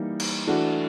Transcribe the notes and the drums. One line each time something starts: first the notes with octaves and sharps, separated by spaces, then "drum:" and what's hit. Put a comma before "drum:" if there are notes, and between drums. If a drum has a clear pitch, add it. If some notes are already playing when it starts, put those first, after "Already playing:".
Already playing: E3 G3 A#3 D#4
drum: cymbal
E3 A3 D4 F#4